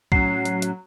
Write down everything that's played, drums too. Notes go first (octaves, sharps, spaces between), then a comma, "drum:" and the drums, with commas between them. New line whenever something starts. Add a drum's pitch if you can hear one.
A2 F#3 C#4 C7, drum: kick B1
drum: hi-hat
drum: hi-hat